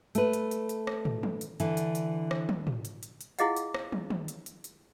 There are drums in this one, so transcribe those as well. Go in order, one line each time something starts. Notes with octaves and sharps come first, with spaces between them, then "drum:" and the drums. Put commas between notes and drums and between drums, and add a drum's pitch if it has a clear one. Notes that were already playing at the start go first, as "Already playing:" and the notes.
A3 B4, drum: hi-hat
drum: hi-hat
drum: hi-hat
drum: hi-hat
drum: rim click
drum: tom
drum: tom
drum: hi-hat
D3 E3, drum: hi-hat
drum: hi-hat
drum: hi-hat
drum: rim click
drum: tom
drum: tom
drum: hi-hat
drum: hi-hat
drum: hi-hat
E4 F4 G#4 D#5 F5 F#5, drum: hi-hat
drum: hi-hat
drum: rim click
drum: tom
drum: tom
drum: hi-hat
drum: hi-hat
drum: hi-hat